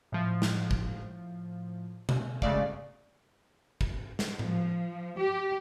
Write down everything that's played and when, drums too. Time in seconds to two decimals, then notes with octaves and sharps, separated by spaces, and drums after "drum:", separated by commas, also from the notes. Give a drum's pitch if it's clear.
0.12 A2 F3
0.42 drum: snare
0.71 drum: kick
2.09 drum: tom B2
2.42 C#3 G#3 A3 D5 F5, drum: kick
3.81 drum: kick
4.19 drum: snare
4.39 F3, drum: tom A2
5.18 G4